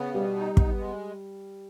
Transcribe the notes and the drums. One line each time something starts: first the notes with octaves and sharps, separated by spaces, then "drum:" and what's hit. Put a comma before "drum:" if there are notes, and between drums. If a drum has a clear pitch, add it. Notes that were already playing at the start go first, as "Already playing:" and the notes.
Already playing: C#3 B3
B2 G3
D#4
B3, drum: kick
G#3